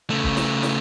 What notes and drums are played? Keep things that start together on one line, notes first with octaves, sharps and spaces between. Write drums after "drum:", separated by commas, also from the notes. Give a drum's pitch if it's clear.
C#3 A3
drum: kick
drum: snare
drum: snare